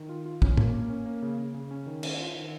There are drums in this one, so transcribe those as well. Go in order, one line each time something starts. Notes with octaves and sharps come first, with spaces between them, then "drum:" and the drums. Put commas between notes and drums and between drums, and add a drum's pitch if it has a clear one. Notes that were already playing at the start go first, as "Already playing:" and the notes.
Already playing: D#3
F4
F4
C#4, drum: kick
A#3, drum: tom
A#3
C#4
A#3
C#3
C#3
C#3
C#4
D#3
C#4, drum: cymbal
F4
D#3